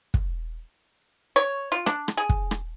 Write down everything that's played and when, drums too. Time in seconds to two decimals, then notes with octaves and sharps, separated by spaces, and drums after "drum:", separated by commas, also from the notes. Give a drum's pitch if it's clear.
0.14 drum: kick
1.36 C#5
1.72 F4
1.86 D4, drum: rim click
2.08 drum: rim click
2.17 G#4
2.29 drum: kick
2.51 drum: rim click